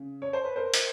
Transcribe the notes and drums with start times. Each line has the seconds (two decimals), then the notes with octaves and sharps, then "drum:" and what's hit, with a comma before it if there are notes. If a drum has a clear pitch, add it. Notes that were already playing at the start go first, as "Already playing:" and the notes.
Already playing: C#3
0.22 C#5
0.33 C5
0.45 B4
0.56 A#4 C5
0.74 drum: hi-hat